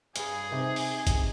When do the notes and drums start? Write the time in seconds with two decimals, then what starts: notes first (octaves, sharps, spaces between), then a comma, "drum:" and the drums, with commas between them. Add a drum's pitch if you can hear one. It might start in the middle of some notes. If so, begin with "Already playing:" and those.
0.16 G2 G#4, drum: hi-hat
0.52 C3 D#4
0.76 drum: open hi-hat
1.07 drum: kick G#1, hi-hat